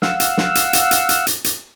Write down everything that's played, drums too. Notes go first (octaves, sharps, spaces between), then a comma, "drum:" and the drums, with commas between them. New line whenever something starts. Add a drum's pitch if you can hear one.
F5 F#5 E6, drum: snare
drum: hi-hat
drum: snare
drum: hi-hat
drum: hi-hat
drum: hi-hat
drum: hi-hat
drum: hi-hat
drum: hi-hat